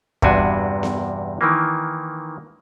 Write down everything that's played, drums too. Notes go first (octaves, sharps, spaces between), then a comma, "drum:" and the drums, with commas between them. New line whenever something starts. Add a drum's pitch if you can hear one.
E2 G2 C3 D4 F#4 G#5, drum: kick
drum: snare B3
D#3 E3 A#3